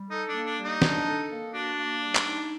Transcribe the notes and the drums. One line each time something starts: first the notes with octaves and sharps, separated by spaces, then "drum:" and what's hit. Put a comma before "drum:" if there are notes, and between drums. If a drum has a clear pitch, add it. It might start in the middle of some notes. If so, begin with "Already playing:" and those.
Already playing: G3
D#4 A4
D4
A#3
D4
G3
D#4
D4, drum: snare
A4
A#3
D4 F#4
A#3
G3
drum: clap
D#4